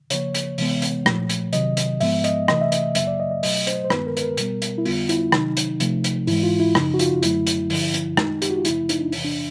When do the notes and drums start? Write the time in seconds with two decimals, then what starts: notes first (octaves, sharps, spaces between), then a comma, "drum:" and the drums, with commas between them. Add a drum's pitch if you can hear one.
0.10 C#3 F3 A#3 C#5, drum: hi-hat
0.35 drum: hi-hat
0.58 C3 E3 G#3 B3, drum: open hi-hat
0.82 drum: hi-hat
1.06 A#2 F3 A3, drum: rim click
1.29 drum: hi-hat
1.53 C3 D#3 F#3 D#5, drum: hi-hat
1.77 drum: hi-hat
2.01 G#2 F3 G#3 B3 E5, drum: open hi-hat
2.24 D#5, drum: hi-hat
2.48 C3 E3 A3 D#5, drum: rim click
2.61 E5
2.72 D#5, drum: hi-hat
2.95 F#2 C#3 F#3 A#3 E5, drum: hi-hat
3.07 D5
3.20 D#5
3.31 D#5
3.43 B2 F#3 A3 D#5, drum: open hi-hat
3.67 C5, drum: hi-hat
3.84 C5
3.90 G2 D#3 G#3 B3 B4, drum: rim click
4.07 A#4
4.17 B4, drum: hi-hat
4.22 A#4
4.37 B2 G3 B3, drum: hi-hat
4.62 drum: hi-hat
4.78 E4
4.85 F2 D3 G3 B3 F4, drum: open hi-hat
5.09 E4, drum: hi-hat
5.32 C3 D#3 F#3 D#4, drum: rim click
5.57 drum: hi-hat
5.80 C3 F3 A3, drum: hi-hat
6.04 drum: hi-hat
6.27 G#2 E3 G#3 E4, drum: open hi-hat
6.43 F4
6.60 E4
6.75 F#2 C#3 F3 D#4, drum: rim click
6.94 F#4
6.99 F4, drum: hi-hat
7.23 F#2 D3 F#3 A3 E4, drum: hi-hat
7.47 drum: hi-hat
7.70 G2 D3 F3, drum: open hi-hat
7.94 drum: hi-hat
8.17 F#2 D#3 G#3 D#4, drum: rim click
8.42 G4, drum: hi-hat
8.50 F#4
8.57 F4
8.65 F#2 C#3 F3 A3 E4, drum: hi-hat
8.89 D#4, drum: hi-hat
9.01 D4
9.12 E2 C3 E3, drum: open hi-hat
9.25 D4